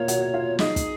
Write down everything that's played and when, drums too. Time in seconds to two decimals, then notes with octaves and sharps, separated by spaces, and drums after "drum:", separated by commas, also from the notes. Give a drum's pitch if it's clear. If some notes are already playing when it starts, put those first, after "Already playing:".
Already playing: A#3 F4 A#4 C#5 F5
0.08 F#4 F#5, drum: hi-hat
0.34 F4 F5
0.59 D#4 G#4 D#5, drum: snare
0.76 drum: kick, hi-hat